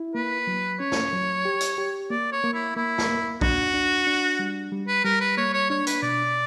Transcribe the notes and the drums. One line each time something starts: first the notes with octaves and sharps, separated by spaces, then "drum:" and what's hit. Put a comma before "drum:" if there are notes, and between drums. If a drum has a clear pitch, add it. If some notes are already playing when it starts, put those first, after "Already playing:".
Already playing: E4
A#3 B4
F#3
C#4 C#5
drum: snare
F#3
G4
drum: hi-hat
G4
A#3 D5
C#5
A#3
E4
A#3 E4
drum: snare
A#3
D4 F#4, drum: kick A#1
D4
D4
G3
G3
B4
G3 A#4
B4
A#3 C#5
C#5
D4 C#5
B4, drum: hi-hat
B2 D5